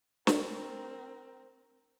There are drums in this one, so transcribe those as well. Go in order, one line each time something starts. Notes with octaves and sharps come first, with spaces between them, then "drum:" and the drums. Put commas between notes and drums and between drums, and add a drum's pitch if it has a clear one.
C4 A#4, drum: snare